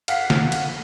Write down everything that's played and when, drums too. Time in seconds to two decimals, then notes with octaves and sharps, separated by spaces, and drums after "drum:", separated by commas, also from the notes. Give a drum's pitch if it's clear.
0.08 F5 F#5 B6 C7, drum: cymbal
0.30 drum: snare
0.52 drum: cymbal